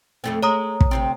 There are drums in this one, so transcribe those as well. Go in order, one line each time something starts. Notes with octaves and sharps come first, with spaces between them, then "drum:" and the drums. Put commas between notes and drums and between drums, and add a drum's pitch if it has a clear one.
F2 A3 C4
G#3 C#5 A#5 D#6
drum: kick
D2 C3 C4